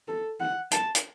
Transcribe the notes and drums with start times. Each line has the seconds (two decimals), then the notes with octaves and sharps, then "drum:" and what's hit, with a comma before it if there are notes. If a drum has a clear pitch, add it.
0.08 A4
0.40 F#5
0.71 A5, drum: hi-hat
0.95 drum: hi-hat